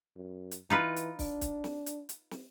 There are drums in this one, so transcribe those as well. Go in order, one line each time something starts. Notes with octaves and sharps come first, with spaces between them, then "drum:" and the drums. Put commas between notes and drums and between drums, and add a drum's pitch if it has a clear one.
F#2
drum: hi-hat
E3 D#4 F4 B4
drum: hi-hat
D4, drum: kick, open hi-hat
drum: kick, hi-hat
drum: snare
drum: hi-hat
drum: hi-hat
drum: snare